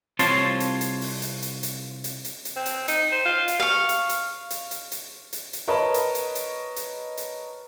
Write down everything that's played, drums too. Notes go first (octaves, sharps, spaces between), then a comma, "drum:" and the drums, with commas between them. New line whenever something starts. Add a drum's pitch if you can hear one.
C2 C4 F4 C#5 A5 C6, drum: hi-hat
drum: hi-hat
drum: hi-hat
drum: open hi-hat
drum: hi-hat
drum: hi-hat
drum: hi-hat
drum: hi-hat
drum: hi-hat
drum: hi-hat
C4
drum: hi-hat
D#4, drum: hi-hat
C5
F4
drum: hi-hat
F5 C#6
drum: hi-hat
drum: hi-hat
drum: hi-hat
drum: hi-hat
drum: hi-hat
drum: hi-hat
drum: hi-hat
A#4 B4 C#5 D#5 A5 B5
drum: hi-hat
drum: hi-hat
drum: hi-hat
drum: hi-hat
drum: hi-hat